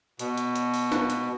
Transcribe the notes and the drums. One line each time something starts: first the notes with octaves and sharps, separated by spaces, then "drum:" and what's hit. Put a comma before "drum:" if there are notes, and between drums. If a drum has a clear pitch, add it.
B2, drum: hi-hat
drum: hi-hat
drum: hi-hat
drum: open hi-hat
drum: snare
drum: hi-hat